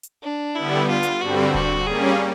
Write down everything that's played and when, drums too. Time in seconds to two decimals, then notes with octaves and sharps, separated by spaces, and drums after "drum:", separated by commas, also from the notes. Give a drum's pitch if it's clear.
0.03 drum: hi-hat
0.23 D4
0.55 D3 G3 B3 E4
0.89 F4
1.03 drum: hi-hat
1.21 G2 D3 G3 C4 F#4
1.54 F#4, drum: kick D#1
1.87 G3 A#3 C#4 G#4